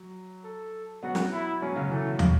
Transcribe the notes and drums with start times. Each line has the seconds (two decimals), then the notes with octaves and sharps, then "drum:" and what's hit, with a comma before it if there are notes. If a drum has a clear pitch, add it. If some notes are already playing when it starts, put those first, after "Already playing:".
Already playing: F#3
0.44 A4
1.03 F#3 B3 F#4
1.15 drum: snare
1.32 E4
1.61 F#3 B3 C#4
1.75 C#3 F#3
1.91 E3 A3
2.19 C#3, drum: tom